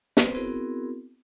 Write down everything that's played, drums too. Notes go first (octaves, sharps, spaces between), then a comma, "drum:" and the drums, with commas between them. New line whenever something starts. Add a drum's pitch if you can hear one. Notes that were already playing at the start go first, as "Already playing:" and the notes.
B3 C4 B4 C5, drum: snare
B3 C4 E4 F#4 G#4 A#4